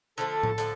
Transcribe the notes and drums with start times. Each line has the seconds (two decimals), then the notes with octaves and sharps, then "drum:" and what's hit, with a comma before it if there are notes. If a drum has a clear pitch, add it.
0.18 D3 F3 A3 A4
0.43 drum: tom A2
0.58 D3 F3, drum: hi-hat